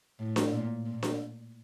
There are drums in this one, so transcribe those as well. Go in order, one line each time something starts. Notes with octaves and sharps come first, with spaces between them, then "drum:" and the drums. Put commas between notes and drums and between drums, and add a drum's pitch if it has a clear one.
A2
drum: snare D4
A#2
A#2
drum: snare D4